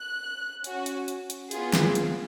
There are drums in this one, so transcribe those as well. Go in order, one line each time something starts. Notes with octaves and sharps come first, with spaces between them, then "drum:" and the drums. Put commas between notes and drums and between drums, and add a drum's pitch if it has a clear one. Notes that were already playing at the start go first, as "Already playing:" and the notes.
Already playing: F#6
C#4 F#4, drum: hi-hat
drum: hi-hat
drum: hi-hat
drum: hi-hat
B3 F4 G#4, drum: hi-hat
drum: snare
drum: hi-hat